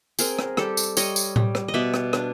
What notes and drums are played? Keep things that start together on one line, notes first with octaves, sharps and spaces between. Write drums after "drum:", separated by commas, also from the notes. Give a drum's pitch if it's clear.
C4 G#4 A#4, drum: tambourine
drum: rim click
G3 G4 A4, drum: rim click
drum: tambourine
G3 C#5 D#5, drum: tambourine
drum: tambourine
G3, drum: tom A2
drum: rim click
D#5
B2 D5 E5
drum: rim click
D4, drum: rim click